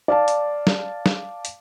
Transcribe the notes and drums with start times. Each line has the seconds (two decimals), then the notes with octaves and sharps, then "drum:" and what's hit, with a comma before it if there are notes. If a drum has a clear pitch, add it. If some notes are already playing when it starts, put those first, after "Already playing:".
0.08 D5 F5 A5
0.28 drum: hi-hat
0.67 drum: snare
1.06 drum: snare
1.45 drum: hi-hat